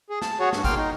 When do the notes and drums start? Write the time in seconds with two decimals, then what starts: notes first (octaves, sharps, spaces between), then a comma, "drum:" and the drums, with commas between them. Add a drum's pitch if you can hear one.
0.10 G#4
0.22 A5, drum: snare
0.40 F#4 G#4 C#5
0.53 G2, drum: snare
0.64 E2 A#3 F5 G5 C6 F6, drum: kick G#1, hi-hat
0.77 D#4